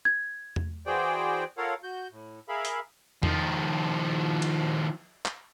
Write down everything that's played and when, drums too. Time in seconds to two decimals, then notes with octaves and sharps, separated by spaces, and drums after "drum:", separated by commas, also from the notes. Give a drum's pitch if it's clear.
0.05 G#6
0.56 drum: tom E2
0.86 E3 F#4 G#4 C5 D5 G5
1.58 F4 A4 A#4 C#5 F5 F#5
1.83 F#4 G6
2.12 A2
2.48 G#4 A#4 E5 F5 B5
2.65 drum: hi-hat
3.23 D#3 F3, drum: tom E2
4.42 drum: cymbal
5.26 drum: clap